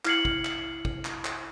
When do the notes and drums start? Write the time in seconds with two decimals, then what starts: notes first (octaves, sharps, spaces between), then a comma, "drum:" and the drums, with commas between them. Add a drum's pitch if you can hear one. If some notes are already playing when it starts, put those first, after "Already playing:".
0.05 E4 F6 G#6 C7 C#7 F#7, drum: clap
0.25 drum: kick
0.45 drum: clap
0.85 drum: kick
1.05 drum: clap
1.25 drum: clap